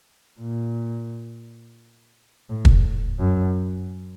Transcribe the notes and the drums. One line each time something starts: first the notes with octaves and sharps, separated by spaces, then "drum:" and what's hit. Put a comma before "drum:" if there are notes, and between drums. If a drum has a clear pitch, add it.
A#2
A2
drum: kick
F#2